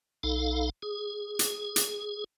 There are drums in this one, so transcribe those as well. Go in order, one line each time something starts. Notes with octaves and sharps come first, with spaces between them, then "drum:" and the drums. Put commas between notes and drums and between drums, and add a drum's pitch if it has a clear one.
B1 D#4 A4 F5
G#4
drum: hi-hat
drum: hi-hat